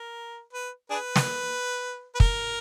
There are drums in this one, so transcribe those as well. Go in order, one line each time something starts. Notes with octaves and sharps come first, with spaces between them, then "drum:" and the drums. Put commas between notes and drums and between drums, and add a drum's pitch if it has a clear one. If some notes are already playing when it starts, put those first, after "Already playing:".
Already playing: A#4
B4
D4 G#4 B4
drum: snare
B4
A#4, drum: kick